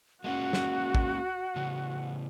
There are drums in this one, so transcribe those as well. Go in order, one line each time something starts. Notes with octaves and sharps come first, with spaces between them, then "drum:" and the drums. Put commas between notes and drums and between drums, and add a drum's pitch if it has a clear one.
G#3 A#3 C#4 F#4 F#5
drum: snare
drum: kick
A2 C#3